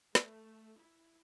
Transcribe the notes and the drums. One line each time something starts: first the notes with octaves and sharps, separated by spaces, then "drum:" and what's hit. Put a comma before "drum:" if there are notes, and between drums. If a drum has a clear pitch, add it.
A3, drum: snare
E4